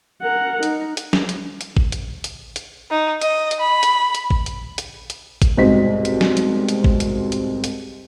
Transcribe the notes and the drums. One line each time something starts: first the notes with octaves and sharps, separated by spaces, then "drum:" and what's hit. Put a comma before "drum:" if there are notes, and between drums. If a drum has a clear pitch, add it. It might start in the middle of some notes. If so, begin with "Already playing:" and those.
A#4 F#5
D#4, drum: hi-hat
drum: hi-hat
drum: snare
drum: hi-hat
drum: hi-hat
drum: kick A1
drum: hi-hat
drum: hi-hat
drum: hi-hat
D#4
D#5, drum: hi-hat
drum: hi-hat
B5
drum: hi-hat
drum: hi-hat
drum: kick A1
drum: hi-hat
drum: hi-hat
drum: hi-hat
drum: kick A1, hi-hat
C2 G#2 B2 C4 D#5 B6
drum: hi-hat
drum: snare
drum: hi-hat
drum: hi-hat
drum: kick A1
drum: hi-hat
drum: hi-hat
drum: hi-hat